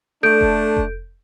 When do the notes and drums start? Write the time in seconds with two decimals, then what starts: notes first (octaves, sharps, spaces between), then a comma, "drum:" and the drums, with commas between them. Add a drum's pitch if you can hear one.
0.23 A3 D4 A4 G6 D7
0.41 drum: kick F1
0.77 drum: kick F1